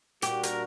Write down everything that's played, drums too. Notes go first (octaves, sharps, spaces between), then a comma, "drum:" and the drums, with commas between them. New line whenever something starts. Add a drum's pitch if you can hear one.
A#2 G3 A#3 D4 F#4 G4, drum: hi-hat
A#4, drum: hi-hat